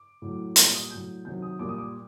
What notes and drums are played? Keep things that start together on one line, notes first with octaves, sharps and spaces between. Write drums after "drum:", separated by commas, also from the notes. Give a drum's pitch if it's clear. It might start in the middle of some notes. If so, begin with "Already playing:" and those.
Already playing: D6
A2 F#3
A#2 G3 C6, drum: hi-hat
D#6
A2 F#3 G6
C3 D#3 F#3 G6
D#6
A#2 G3 D6
D#6
D6